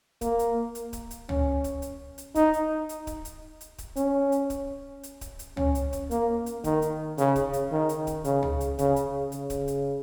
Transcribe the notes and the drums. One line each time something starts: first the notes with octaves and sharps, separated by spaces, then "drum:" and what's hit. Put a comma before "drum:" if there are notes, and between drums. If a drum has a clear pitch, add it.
A#3, drum: kick D1, hi-hat
drum: hi-hat
drum: hi-hat
drum: kick D1, hi-hat
drum: hi-hat
C#4, drum: tom
drum: kick D1, hi-hat
drum: hi-hat
drum: hi-hat
D#4, drum: kick D1, hi-hat
drum: hi-hat
drum: hi-hat
drum: kick D1, hi-hat
drum: hi-hat
drum: hi-hat
drum: kick D1, hi-hat
C#4, drum: hi-hat
drum: hi-hat
drum: kick D1, hi-hat
drum: hi-hat
drum: kick D1, hi-hat
drum: hi-hat
C#4, drum: tom
drum: hi-hat
drum: kick D1, hi-hat
A#3, drum: hi-hat
drum: hi-hat
D#3, drum: kick D1, hi-hat
drum: hi-hat
C#3, drum: hi-hat
drum: kick D1, hi-hat
drum: hi-hat
D#3
drum: hi-hat
drum: kick D1, hi-hat
C#3, drum: hi-hat
drum: tom
drum: hi-hat
C#3, drum: kick D1, hi-hat
drum: hi-hat
C#3, drum: hi-hat
drum: kick D1, hi-hat
drum: hi-hat